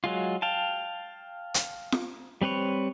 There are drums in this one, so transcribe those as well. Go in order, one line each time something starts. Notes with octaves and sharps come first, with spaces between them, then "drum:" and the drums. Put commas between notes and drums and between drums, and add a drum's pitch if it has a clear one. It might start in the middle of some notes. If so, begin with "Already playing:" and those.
F#3 G#3 F4
F5 G5 A5
drum: hi-hat
drum: snare F4
G3 C4 B4 C#5